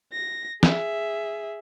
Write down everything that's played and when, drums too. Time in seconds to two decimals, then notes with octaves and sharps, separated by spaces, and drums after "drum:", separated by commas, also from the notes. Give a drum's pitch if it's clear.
0.13 A#6
0.63 G#4 E5, drum: snare